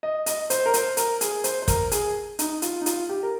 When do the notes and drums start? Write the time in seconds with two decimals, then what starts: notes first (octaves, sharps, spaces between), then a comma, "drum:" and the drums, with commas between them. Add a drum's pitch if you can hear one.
0.03 D#5
0.26 D#5, drum: hi-hat
0.50 C5, drum: hi-hat
0.66 A#4
0.74 C5, drum: hi-hat
0.97 A#4, drum: hi-hat
1.21 G#4, drum: hi-hat
1.44 C5, drum: hi-hat
1.62 C5
1.68 A#4, drum: kick, hi-hat
1.92 G#4, drum: hi-hat
2.39 D#4, drum: hi-hat
2.62 F4, drum: hi-hat
2.81 D#4
2.86 F4, drum: hi-hat
3.09 G4
3.23 A#4